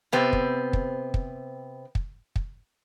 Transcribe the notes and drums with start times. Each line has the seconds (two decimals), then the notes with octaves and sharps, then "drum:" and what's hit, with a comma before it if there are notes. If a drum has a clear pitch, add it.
0.12 C3 B3 C4 G4
0.33 drum: kick
0.73 drum: kick
1.14 drum: kick
1.95 drum: kick
2.36 drum: kick